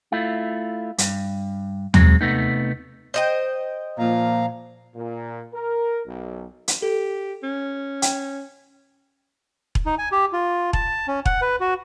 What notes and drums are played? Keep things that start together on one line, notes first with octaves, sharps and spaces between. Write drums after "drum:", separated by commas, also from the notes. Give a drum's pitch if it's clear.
A3 E4 F4
G2, drum: hi-hat
F#3 G#3 C4, drum: tom
C3 A3 B3 D#4
C5 D#5 G5
A#2 F3 F5 A#5
A#2
A#4
B1
drum: hi-hat
G4 A4
C#4
G5, drum: hi-hat
drum: kick E1
D#4
G#5
G4
F4
A5, drum: kick E1
C#4
F#5, drum: kick E1
B4
F#4